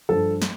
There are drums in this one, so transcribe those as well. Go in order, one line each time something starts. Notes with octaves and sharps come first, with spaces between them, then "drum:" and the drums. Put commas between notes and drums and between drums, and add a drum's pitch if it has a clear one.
G2 F3 A4
drum: snare